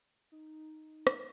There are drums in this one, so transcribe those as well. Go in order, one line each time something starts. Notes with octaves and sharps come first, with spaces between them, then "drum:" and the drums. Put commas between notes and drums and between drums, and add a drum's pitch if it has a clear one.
D#4
drum: rim click